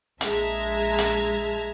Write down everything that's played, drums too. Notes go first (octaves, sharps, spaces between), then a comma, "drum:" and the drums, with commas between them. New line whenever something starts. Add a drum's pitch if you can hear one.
A#1 G#3 E5 A5 A#5 G#6, drum: hi-hat
drum: hi-hat